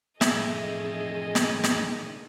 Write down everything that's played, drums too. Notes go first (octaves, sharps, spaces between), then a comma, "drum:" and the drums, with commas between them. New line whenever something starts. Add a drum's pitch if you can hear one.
F2 A2 D3 D#4 G#4 A4 D#5 E5, drum: snare
drum: snare
drum: snare